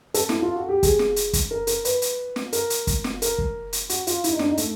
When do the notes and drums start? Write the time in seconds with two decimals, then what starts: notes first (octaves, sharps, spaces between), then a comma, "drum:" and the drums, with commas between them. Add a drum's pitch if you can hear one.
0.14 A4, drum: hi-hat
0.29 E4, drum: snare
0.42 F4
0.56 F#4
0.69 G4
0.83 G#4, drum: kick, hi-hat
0.99 drum: snare
1.16 drum: hi-hat
1.33 drum: kick, hi-hat
1.51 A#4
1.67 A#4, drum: hi-hat
1.85 B4, drum: hi-hat
2.02 drum: hi-hat
2.36 drum: snare
2.53 A#4, drum: hi-hat
2.70 drum: hi-hat
2.87 drum: kick, hi-hat
3.04 drum: snare
3.22 A#4, drum: hi-hat
3.38 drum: kick
3.73 drum: hi-hat
3.89 F#4, drum: hi-hat
4.07 F4, drum: hi-hat
4.24 E4, drum: hi-hat
4.32 D#4
4.39 D4, drum: snare
4.48 D#4
4.57 A3, drum: hi-hat